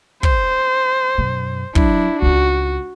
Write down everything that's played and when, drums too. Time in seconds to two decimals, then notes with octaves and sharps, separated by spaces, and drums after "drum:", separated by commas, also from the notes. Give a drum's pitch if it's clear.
0.23 C5, drum: kick
1.18 F#2 B2
1.75 F#3 D4 E4, drum: kick
2.22 C#2 F4 F#4